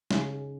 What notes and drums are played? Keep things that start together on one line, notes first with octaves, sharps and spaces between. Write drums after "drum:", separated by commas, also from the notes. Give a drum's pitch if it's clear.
C#3 C#4, drum: snare